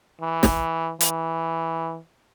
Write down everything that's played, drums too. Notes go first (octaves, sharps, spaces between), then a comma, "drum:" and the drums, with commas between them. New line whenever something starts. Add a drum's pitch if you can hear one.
E3
drum: snare
E3, drum: hi-hat